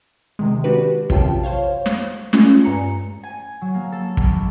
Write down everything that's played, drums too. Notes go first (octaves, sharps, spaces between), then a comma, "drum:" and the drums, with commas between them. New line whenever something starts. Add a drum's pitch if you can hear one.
C3 D#3 G#3
D4 F#4 G4 B4
F#2 C3 F4 G5 A5, drum: kick
C5 C#5 F5
drum: snare
G#3 A3 C#4 F4, drum: snare
G2 G#5 A#5 C#7
G#5
F#3
A#3
A4
C#2, drum: kick